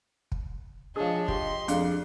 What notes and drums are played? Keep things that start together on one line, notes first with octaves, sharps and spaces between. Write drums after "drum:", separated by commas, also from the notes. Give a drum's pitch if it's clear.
drum: kick
F3 D4 G#4 C#5 D#5
G4 C6, drum: kick
F2 D4 G#4, drum: hi-hat